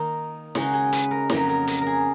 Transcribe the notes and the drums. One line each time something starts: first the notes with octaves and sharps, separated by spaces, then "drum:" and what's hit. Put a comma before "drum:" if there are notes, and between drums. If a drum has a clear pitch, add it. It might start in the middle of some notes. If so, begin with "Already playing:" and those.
Already playing: D#3 A#3 D#4
C#3 G#3 D#4 F#4, drum: snare
G#4
B4, drum: hi-hat
A#4
F2 C#3 F#3 A#3 D#4 A#4, drum: snare
A#4
A#4, drum: hi-hat
A#4
G#4